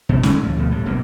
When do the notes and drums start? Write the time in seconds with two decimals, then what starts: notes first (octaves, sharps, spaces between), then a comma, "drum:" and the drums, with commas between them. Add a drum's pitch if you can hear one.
0.09 B2 D#3
0.23 D2 D3 G#3 C#4, drum: snare
0.41 D2 A2 F3 A3
0.56 D2 B2 F3
0.71 A2 G3
0.86 F#2 B2 F#3 A#3